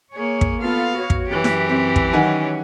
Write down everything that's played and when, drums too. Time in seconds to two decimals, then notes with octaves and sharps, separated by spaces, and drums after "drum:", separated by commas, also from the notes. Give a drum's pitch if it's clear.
0.14 A#3 G#4 C#5
0.41 drum: kick
0.61 B3 F4 A4 F5
0.99 F#4 C#5
1.10 drum: kick
1.27 F#2 E3 G4
1.44 drum: snare E4
1.69 C4
1.96 drum: kick
2.13 D#3 F#3 C#4 F#5 G#5